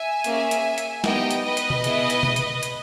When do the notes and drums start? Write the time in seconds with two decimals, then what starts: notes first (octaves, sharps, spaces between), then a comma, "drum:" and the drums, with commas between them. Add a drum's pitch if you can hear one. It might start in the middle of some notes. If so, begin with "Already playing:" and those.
Already playing: E5 G#5
0.24 A#3 C#4 G#4, drum: hi-hat
0.51 drum: hi-hat
0.78 drum: hi-hat
1.04 B3 D#4 G4 D#5 G5, drum: snare
1.31 drum: hi-hat
1.44 B4 D#5
1.57 drum: hi-hat
1.70 drum: tom B2
1.84 B3 E4 G#4, drum: hi-hat
2.10 drum: hi-hat
2.23 drum: tom B2
2.36 drum: hi-hat
2.63 drum: hi-hat